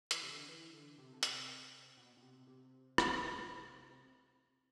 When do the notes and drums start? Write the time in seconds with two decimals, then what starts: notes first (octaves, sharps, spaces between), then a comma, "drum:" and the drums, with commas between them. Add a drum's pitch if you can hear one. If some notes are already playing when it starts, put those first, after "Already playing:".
0.11 E3, drum: hi-hat
0.23 C3
0.30 D3
0.48 E3
0.73 D3
0.98 C3
1.13 D3
1.23 C3, drum: hi-hat
1.97 B2
2.17 B2
2.22 C3
2.47 C3
2.98 drum: rim click